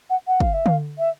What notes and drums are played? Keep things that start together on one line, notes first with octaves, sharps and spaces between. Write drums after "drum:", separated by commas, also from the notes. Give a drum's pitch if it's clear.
F#5
F#5
F5, drum: kick
E5
F5, drum: tom D3
E5